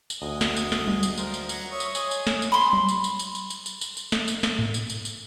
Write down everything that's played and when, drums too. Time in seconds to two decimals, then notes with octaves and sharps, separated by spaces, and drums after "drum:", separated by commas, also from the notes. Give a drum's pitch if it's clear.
0.10 drum: tambourine
0.22 D2 G#3 D#5
0.41 drum: snare
0.56 drum: tambourine
0.72 drum: snare
0.87 drum: tom F#3
1.03 drum: tambourine
1.18 F3 A#4 C5, drum: tambourine
1.34 drum: tambourine
1.49 F#3 F#5 A#5, drum: tambourine
1.71 C#5 E5 C#6 D#6
1.80 drum: tambourine
1.95 F4 G#4 D#5, drum: tambourine
2.11 drum: tambourine
2.27 drum: snare
2.42 drum: tambourine
2.52 B5 C6
2.73 drum: tom F#3
2.88 drum: tambourine
3.04 drum: tambourine
3.19 drum: tambourine
3.35 drum: tambourine
3.50 drum: tambourine
3.66 drum: tambourine
3.81 drum: tambourine
3.97 drum: tambourine
4.12 drum: snare
4.28 drum: tambourine
4.43 drum: snare
4.59 drum: tom G#2
4.74 drum: tambourine
4.90 drum: tambourine
5.05 drum: tambourine